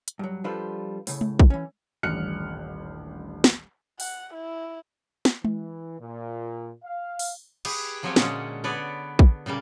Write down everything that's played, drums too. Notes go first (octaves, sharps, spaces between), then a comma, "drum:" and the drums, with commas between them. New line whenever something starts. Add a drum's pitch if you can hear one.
drum: hi-hat
G2 F#3
F3 G3 D4 F4 A4 B4
A2 C#3, drum: open hi-hat
drum: tom G#3
drum: kick
E3 C#4
D#1 A1 G2 F6 F#6 C#7
drum: snare
F#5, drum: open hi-hat
E4
drum: snare
E3, drum: tom G#3
A#2
F5
drum: open hi-hat
G4 G#4 B4, drum: cymbal
F3 F#3 A#3 C4 C#5
A#2 D3 G#3 C#4 F#5, drum: snare
D3 B3 B4 C#5 D5
drum: kick
A#2 C#3 G3 A#3